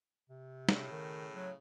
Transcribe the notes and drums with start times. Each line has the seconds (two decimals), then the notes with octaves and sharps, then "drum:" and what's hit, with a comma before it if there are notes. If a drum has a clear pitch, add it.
0.30 C3
0.69 A2 C#3, drum: snare
0.92 D#3
1.35 F#3